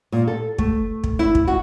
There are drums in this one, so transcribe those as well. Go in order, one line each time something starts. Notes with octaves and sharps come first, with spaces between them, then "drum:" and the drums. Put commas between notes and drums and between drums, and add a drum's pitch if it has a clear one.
A#2
A4
A3, drum: kick
drum: kick
E4
drum: kick
F#4